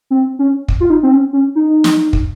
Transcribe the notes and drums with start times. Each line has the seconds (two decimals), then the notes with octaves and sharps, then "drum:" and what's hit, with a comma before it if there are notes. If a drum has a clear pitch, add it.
0.10 C4
0.39 C#4
0.68 drum: kick
0.80 F4
0.90 D#4
1.03 C4
1.12 C#4
1.33 C#4
1.55 D#4
1.84 drum: snare
2.13 drum: kick